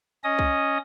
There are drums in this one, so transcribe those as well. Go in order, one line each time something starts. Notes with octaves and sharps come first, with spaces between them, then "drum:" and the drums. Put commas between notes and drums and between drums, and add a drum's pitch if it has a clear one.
C#4 D#5 D#6
drum: kick C2